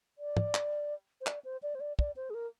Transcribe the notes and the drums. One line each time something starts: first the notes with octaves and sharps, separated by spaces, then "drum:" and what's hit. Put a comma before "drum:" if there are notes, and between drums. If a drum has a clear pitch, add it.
D5
drum: tom
drum: clap
C5
D5, drum: clap
C5
D5
C5
D5
D5, drum: kick
C5
G#4
A#4